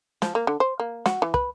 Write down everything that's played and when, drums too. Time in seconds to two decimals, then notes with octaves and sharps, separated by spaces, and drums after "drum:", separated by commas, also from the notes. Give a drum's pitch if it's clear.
0.22 F3, drum: snare
0.35 A#3
0.47 D3
0.60 C5
0.80 A#3
1.06 F#4, drum: snare
1.22 E3
1.34 B4, drum: kick